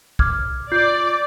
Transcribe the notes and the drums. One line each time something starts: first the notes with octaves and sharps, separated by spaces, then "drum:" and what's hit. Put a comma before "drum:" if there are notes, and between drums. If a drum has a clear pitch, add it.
D6 F6 G#6, drum: kick
F4 D5 G6 C7